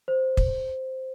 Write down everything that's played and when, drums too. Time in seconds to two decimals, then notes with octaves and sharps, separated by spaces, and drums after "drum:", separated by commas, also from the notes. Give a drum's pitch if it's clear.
0.08 C5
0.37 drum: kick